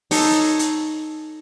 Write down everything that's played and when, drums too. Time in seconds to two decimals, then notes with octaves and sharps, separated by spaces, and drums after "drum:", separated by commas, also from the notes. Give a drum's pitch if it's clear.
0.11 D#4 A4 C#5 G#5, drum: open hi-hat
0.59 drum: hi-hat